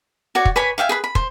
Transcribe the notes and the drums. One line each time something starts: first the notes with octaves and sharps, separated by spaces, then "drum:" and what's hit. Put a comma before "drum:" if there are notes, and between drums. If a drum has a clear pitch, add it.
F#4 C#5 D5
drum: kick
B4 C#5 G#5 B5
E5 F5 G5 G#5
G#4 B4 B5
B5
C5, drum: kick